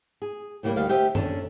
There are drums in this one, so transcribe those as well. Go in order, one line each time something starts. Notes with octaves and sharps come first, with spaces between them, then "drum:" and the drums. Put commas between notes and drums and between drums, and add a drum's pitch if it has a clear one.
G#4
A2 C#3 G3 A#3
D2 D#3 G3 F5
G4 C5 D#5 E5
C#4 D4 A4, drum: tom